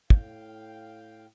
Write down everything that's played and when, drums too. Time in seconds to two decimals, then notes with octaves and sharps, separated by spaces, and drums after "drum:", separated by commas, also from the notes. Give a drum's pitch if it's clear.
0.10 A2 F5 G5, drum: kick